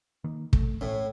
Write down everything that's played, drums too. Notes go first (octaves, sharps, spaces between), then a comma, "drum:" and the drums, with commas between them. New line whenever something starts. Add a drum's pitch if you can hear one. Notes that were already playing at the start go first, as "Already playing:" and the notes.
D#3 A#3
A3, drum: kick
A2 C#4